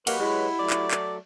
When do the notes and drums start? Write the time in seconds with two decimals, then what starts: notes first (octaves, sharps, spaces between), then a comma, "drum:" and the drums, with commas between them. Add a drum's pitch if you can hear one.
0.07 F#3 A#3 G4 B4 C#5 D#5 F#5, drum: cymbal
0.20 G#3 E4
0.59 F#3 A3 D5
0.70 drum: clap
0.91 drum: clap